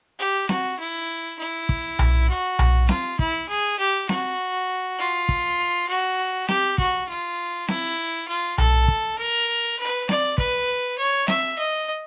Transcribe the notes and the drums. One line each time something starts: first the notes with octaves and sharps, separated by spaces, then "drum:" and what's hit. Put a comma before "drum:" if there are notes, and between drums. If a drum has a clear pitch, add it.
G4
F#4, drum: snare C4
E4
E4
drum: kick
drum: tom B1
F#4
drum: tom B1
F4, drum: snare C4
E4, drum: kick
G#4
G4
F#4, drum: snare C4
F4
drum: kick
F#4
G4, drum: snare C4
F#4, drum: kick
F4
E4, drum: snare C4
F4
A4, drum: tom B1
drum: kick
A#4
B4
D5, drum: snare C4
B4, drum: kick
C#5
E5, drum: snare C4
D#5